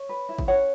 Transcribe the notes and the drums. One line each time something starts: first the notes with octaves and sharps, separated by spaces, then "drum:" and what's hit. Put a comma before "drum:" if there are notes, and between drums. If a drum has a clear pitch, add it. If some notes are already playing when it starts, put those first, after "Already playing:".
Already playing: C#5
B4
E4
drum: kick G#1
C#4 C#5 F#5